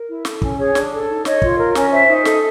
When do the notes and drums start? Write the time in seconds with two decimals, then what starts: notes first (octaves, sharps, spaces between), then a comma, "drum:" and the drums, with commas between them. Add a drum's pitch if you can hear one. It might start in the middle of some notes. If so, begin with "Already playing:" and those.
Already playing: A#4
0.08 E4
0.25 A4, drum: snare
0.42 C#4, drum: kick
0.59 G#4 C#5
0.75 D4, drum: snare
0.92 A4
1.09 D#4
1.25 C#5 D#5, drum: snare
1.42 F4, drum: kick
1.59 A#4
1.75 C#4, drum: snare
1.92 C5 E5
2.09 D#4
2.25 A4, drum: snare